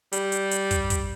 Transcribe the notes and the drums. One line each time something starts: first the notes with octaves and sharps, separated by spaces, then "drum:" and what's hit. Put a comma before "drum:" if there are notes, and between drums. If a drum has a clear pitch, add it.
G3, drum: hi-hat
drum: hi-hat
drum: hi-hat
drum: kick, hi-hat
drum: kick, hi-hat